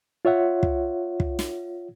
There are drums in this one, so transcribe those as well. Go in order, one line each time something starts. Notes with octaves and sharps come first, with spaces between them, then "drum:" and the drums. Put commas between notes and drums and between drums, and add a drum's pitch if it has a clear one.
F4 C#5 E5 F#5
drum: kick
drum: kick
drum: snare